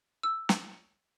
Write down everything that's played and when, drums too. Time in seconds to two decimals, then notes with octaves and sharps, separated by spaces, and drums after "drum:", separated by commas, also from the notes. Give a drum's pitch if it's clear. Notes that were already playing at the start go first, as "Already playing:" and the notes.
0.23 E6
0.49 drum: snare